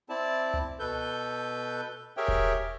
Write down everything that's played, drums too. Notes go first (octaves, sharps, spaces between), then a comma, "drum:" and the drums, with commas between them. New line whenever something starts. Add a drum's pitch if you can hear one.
C4 E4 D5 A5
drum: tom C#2
B2 A4 B4 G6
G4 G#4 A#4 C#5 E5 G5
drum: kick E1